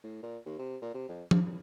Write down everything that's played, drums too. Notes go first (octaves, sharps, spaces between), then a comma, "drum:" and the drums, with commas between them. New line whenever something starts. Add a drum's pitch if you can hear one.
A2
A#2
D#2
C3
A#2
C3
F2
C3, drum: tom F3
C2